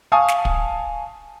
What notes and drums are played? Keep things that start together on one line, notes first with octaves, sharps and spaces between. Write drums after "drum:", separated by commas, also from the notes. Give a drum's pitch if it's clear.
F5 G#5 A5 C#6 D#6
drum: snare
drum: kick